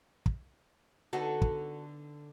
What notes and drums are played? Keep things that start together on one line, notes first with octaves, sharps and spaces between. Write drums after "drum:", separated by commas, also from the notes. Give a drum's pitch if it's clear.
drum: kick
D3 B3 D#4 F#4 A4
drum: kick